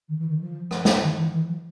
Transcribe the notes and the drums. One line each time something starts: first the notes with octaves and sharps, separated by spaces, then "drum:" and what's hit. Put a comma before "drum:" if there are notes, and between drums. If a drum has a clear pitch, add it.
D#3
E3
D#3
F3
drum: rim click
drum: snare
D#3
E3
E3
F3